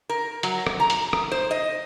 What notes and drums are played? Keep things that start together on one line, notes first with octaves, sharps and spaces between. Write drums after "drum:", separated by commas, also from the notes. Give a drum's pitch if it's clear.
A#4
F#3, drum: hi-hat
drum: rim click
A#5
drum: hi-hat
drum: rim click
C5
D#5